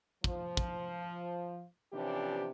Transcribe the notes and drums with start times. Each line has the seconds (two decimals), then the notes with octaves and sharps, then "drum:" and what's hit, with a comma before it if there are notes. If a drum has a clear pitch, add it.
0.24 F3, drum: kick
0.57 drum: kick
1.93 C3 E3 F3 C#4 D4 G4